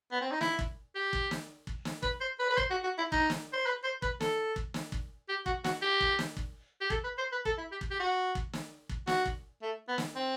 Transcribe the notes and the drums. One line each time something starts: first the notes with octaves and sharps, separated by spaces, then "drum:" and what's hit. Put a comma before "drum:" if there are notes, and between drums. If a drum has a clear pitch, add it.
B3
C4
D#4
E4, drum: snare
drum: kick
G4
drum: kick
drum: snare
drum: kick
drum: snare
B4, drum: kick
C5
B4
B4
C5, drum: kick
F#4
F#4
E4
D#4, drum: kick
drum: snare
C5
B4
C5
B4, drum: kick
A4, drum: snare
drum: kick
drum: snare
drum: kick
G4
F#4, drum: kick
F#4, drum: snare
G4
drum: kick
drum: snare
drum: kick
G4
A4, drum: kick
B4
C5
B4
A4, drum: kick
E4
G4
drum: kick
G4
F#4
drum: kick
drum: snare
drum: kick
F#4, drum: snare
drum: kick
A3
B3
drum: snare
C4